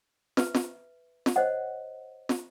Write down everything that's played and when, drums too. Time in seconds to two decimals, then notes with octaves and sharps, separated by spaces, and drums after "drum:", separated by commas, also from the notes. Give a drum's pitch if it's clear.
0.37 B4 E5, drum: snare
0.55 drum: snare
1.26 drum: snare
1.36 C5 C#5 D#5 F#5
2.29 drum: snare